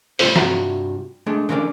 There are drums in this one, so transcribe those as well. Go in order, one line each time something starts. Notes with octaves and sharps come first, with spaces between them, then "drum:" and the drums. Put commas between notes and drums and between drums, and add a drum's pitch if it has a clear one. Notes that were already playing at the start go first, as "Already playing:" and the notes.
A2 G3 A3 F4 A4 C5, drum: open hi-hat
G2 C3 F4 F#4 E5 A#5, drum: snare
G#3 A3 D4
D3 E3 C#4 A#4 D5